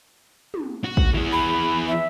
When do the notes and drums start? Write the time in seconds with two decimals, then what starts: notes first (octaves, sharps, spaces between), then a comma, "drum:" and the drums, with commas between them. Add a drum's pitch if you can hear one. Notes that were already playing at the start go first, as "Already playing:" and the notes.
0.54 drum: tom
0.84 F#4
0.97 drum: kick
1.14 E3 G#4
1.32 B5
1.88 E5